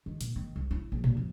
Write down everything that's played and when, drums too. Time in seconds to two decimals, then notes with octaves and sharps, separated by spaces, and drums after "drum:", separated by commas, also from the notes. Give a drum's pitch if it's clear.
0.06 D#3
0.21 A#2, drum: hi-hat
0.36 D#3
0.56 C2
0.71 E4
0.92 A#1
1.04 A#2, drum: tom A#2
1.17 F2